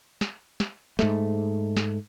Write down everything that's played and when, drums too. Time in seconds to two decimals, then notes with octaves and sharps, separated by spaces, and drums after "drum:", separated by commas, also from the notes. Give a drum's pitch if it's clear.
0.21 drum: snare
0.60 drum: snare
0.99 G#2 A3, drum: snare
1.77 drum: snare